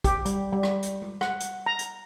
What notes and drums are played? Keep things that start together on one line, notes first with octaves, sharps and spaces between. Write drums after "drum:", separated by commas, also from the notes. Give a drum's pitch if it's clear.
G4, drum: kick, hi-hat
G3, drum: hi-hat
G3
drum: rim click
drum: hi-hat
drum: tom G#3
F#5, drum: rim click
drum: hi-hat
A#5
drum: hi-hat